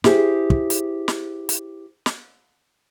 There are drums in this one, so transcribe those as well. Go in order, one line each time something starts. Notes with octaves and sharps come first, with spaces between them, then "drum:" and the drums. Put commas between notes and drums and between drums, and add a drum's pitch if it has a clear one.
E4 G4 G#4 C5, drum: snare
drum: kick
drum: hi-hat
drum: snare
drum: hi-hat
drum: snare